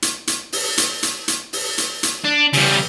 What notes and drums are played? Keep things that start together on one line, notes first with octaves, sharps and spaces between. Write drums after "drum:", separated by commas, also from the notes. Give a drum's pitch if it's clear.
drum: hi-hat
drum: hi-hat
drum: open hi-hat
drum: hi-hat
drum: hi-hat
drum: hi-hat
drum: open hi-hat
drum: hi-hat
drum: hi-hat
D4
C#3 G3, drum: open hi-hat